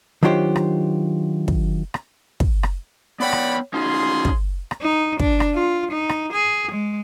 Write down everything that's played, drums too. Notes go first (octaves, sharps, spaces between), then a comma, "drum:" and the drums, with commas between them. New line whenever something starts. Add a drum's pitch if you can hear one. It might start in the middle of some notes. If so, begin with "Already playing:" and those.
D#3 F#3 D4 F4 G4 C5
drum: rim click
drum: kick
drum: rim click
drum: kick
drum: rim click
B3 C#5 D5 F#5 G5 B5
drum: rim click
C#4 D#4 F4 F#4 G#4 C6
drum: kick
drum: rim click
D#4
D4, drum: kick
drum: rim click
F4
D#4
drum: rim click
G#4
G#3